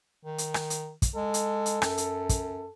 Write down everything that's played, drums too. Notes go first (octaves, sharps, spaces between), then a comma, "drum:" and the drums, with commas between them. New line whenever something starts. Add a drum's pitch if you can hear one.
D#3
drum: hi-hat
drum: rim click
drum: hi-hat
drum: kick, hi-hat
G#3 A4
drum: hi-hat
drum: hi-hat
F#2, drum: rim click
drum: hi-hat
drum: kick, hi-hat